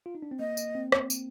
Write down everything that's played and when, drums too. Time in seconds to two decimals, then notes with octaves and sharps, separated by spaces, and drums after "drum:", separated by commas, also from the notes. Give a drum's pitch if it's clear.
0.06 F4
0.15 D#4
0.22 D4
0.31 C4
0.39 A#3 D#5
0.57 drum: tambourine
0.75 C4
0.92 drum: rim click
1.10 drum: tambourine